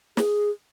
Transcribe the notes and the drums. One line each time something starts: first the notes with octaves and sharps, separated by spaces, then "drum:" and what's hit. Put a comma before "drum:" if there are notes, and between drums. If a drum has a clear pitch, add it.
G#4, drum: snare